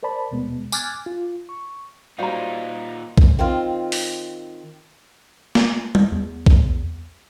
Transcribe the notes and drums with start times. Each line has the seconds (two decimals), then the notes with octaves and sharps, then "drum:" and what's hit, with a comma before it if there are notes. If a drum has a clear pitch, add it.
0.03 A#4 C5 D5 A5 B5
0.31 D#2 B2 G#3 B3
0.72 G#5 D6 F6 F#6 G#6 A6, drum: tambourine
1.06 F4
1.49 C#6
2.19 A#2 G3 D#4 F#4 C5 F5 A#5
3.18 drum: kick B1
3.39 D#3 C4 F4
3.92 drum: open hi-hat
5.55 drum: snare
5.95 drum: tom
6.12 E2
6.46 drum: kick B1